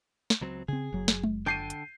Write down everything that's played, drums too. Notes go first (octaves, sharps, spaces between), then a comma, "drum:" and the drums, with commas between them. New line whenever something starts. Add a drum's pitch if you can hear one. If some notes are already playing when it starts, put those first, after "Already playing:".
drum: snare
C#2 F#3 C4
C#3 C4 G#4
F#1 F#3
drum: snare
drum: tom G#3
D3 G5 A5 G6 C7 D#7
drum: hi-hat